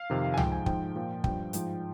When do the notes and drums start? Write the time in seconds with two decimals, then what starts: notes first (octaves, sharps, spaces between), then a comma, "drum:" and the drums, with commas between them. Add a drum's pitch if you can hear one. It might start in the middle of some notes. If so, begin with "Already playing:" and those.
Already playing: F5
0.10 F2 C3 D#3
0.34 G#5
0.37 F3 G5, drum: tom
0.43 G#2
0.52 G#5
0.66 G#2 F3 G5, drum: kick
0.96 A#2 F3
1.24 G2 F3 G5, drum: kick
1.53 G#2 F3, drum: hi-hat